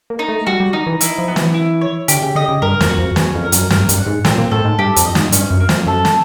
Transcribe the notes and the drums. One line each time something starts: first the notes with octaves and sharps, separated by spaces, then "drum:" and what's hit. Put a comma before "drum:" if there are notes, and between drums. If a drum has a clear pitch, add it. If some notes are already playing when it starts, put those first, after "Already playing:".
A#3
D#4
A3
G3 F#4
G3
D#3 D#4
E3
E4, drum: hi-hat
F3
B3
E3, drum: snare
E4
C#5
D3 G4, drum: hi-hat
C#3
D3 D#5
C#3
G2 A#4
F2, drum: snare
F#4
F2
E2 C#4, drum: snare
F2
A#4
F#2, drum: hi-hat
G2 A#4, drum: snare
G2, drum: hi-hat
F#5
G#2
A#2 C4, drum: snare
A#2
A2 A4
G#2
G2 G4
F2, drum: hi-hat
D#5
G#2, drum: snare
G2 C#4, drum: hi-hat
F#2
A#3
F2, drum: snare
F#2 A4
drum: snare